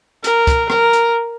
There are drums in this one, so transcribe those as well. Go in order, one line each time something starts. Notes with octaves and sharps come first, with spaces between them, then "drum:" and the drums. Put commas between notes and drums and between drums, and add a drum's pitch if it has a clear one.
A#4, drum: hi-hat
drum: kick, hi-hat
A#4, drum: rim click
drum: hi-hat